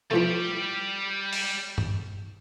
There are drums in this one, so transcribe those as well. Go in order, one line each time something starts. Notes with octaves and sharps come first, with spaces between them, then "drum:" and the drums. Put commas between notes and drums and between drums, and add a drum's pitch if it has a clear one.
E3 F3 G3 A3 G4
drum: open hi-hat
drum: tom G2